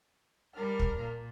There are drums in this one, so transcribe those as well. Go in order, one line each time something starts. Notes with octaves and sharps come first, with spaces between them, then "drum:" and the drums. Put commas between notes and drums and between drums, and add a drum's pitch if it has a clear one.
G3 D4 A#4 F6
drum: kick
A#2